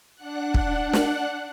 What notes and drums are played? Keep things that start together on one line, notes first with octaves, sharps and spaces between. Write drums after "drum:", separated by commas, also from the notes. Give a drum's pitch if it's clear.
D4 F#5 F#6
drum: kick
drum: snare